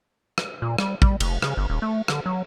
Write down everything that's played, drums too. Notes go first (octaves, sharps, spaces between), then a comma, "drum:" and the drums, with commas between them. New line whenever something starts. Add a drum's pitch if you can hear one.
drum: rim click
A#2
G3, drum: rim click
G3, drum: kick
F1, drum: cymbal
C#3, drum: rim click
G1
D#1
A3
D3, drum: rim click
F#3